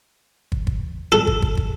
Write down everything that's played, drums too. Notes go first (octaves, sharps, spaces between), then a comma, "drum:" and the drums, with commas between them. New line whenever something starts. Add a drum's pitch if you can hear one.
drum: kick
drum: kick
A4
drum: kick
drum: kick
drum: kick